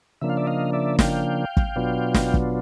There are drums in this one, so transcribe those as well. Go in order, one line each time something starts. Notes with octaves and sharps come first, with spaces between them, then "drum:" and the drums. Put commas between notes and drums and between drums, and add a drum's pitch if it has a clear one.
C#3 F3 A#3 D4 E5
F5
D5 E5
D#5 F5
D5 E5
F5 G5, drum: snare
drum: kick
B2 F#3 B3 D4 F4
drum: snare
drum: kick